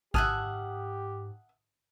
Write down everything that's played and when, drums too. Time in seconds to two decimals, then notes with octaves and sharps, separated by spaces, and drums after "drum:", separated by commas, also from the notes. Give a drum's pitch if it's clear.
0.14 G#2 G4 E5 F#5 G#5 A5 D#6 F6, drum: kick G#1